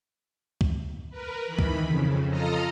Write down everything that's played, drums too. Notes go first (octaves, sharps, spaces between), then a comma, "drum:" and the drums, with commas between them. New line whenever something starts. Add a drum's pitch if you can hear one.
drum: kick C#2
A#4 B4
D#3 E3 B5
drum: kick C#2
F2 C#3
F4 A4 D#5 A#5 D#6 F6